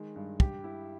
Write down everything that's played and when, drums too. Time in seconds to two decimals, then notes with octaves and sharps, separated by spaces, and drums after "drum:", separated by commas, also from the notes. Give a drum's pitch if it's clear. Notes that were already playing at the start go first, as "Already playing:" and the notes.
Already playing: D#3 G#3
0.16 G2
0.40 G4, drum: kick
0.64 E4